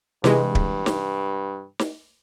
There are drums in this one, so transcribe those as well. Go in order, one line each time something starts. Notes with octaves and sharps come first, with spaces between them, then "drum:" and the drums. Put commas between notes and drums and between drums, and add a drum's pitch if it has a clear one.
G2 C3 E3 G#3, drum: snare
drum: kick
drum: snare
drum: snare